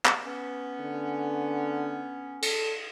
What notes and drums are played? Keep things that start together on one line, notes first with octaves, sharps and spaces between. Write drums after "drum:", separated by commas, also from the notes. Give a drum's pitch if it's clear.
drum: clap
B3 C#4
D3
A4, drum: cymbal